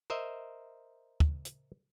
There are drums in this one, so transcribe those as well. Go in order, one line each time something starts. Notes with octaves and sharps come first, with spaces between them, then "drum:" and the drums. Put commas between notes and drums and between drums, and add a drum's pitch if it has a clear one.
A#4 C5 D#5 E5
drum: kick
drum: hi-hat